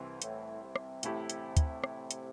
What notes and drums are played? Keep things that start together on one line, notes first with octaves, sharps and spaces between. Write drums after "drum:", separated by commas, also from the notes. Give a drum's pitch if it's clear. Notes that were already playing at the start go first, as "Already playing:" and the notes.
Already playing: C2 C3 E3 C4
A2, drum: hi-hat
C3
drum: rim click
A1 A2 A3 E4 G4, drum: hi-hat
drum: hi-hat
drum: kick, hi-hat
drum: rim click
drum: hi-hat